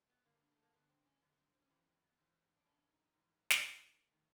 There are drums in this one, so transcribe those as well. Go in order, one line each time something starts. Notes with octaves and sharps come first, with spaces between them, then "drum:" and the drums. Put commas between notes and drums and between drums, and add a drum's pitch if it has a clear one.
B3
G2 D3 A#3
A3
A#3
G2 D3 B3
C4
C#4
F#2 D3 B3
B3
C4
C4
C#4
F#2 C#3 E3 C4
C4
B3
G#2 E3 C4
D4
E2 C#3 C#4
D#4
G#2 E3
drum: snare
G2 D#3 A#3
D#3 A3